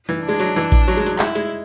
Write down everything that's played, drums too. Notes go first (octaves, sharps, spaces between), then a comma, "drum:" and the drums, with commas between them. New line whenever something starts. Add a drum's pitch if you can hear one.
E3
G#3 D4
F#3, drum: hi-hat
E3
drum: kick A1, hi-hat
F#3
G#3
F#3, drum: hi-hat
G#3 E4, drum: clap
G#3, drum: hi-hat